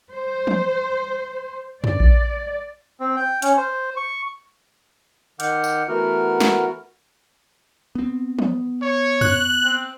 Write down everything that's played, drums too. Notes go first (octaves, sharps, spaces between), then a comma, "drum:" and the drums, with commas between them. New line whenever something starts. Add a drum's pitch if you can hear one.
C5
drum: tom
D5, drum: tom
drum: kick A#1
C4
G5
C#4, drum: hi-hat
C5
C#6
D#3 F#5 D6 F6 G6, drum: hi-hat
drum: tambourine
E3 A3 B3 F#4 A#4 F6
drum: snare
B3 C4
B3, drum: tom
C#5
F#6, drum: tom
C4